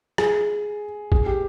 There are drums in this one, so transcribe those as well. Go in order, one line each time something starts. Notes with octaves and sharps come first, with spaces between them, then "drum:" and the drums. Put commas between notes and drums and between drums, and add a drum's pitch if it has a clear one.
G#4, drum: rim click
G#4, drum: kick
G4